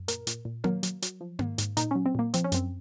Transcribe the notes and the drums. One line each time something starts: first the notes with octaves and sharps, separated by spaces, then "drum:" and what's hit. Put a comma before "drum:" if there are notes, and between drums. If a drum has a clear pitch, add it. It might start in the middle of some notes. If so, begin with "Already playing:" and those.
Already playing: F#2
A#2 A#4, drum: hi-hat
A#2, drum: hi-hat
A#2
F#3 A#4, drum: tom A#3
F#3, drum: hi-hat
F#3, drum: hi-hat
F3
G#2, drum: tom A#3
G#2, drum: hi-hat
A#2 D#4, drum: hi-hat
F#3 C#4
C4
A#2 A#3
F3 C4, drum: hi-hat
C#4
F#2 C4, drum: hi-hat